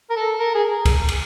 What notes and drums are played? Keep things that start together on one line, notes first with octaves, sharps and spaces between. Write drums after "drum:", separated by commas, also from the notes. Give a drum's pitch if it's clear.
A#4
A4
A#4
G#4
drum: kick, cymbal
drum: cymbal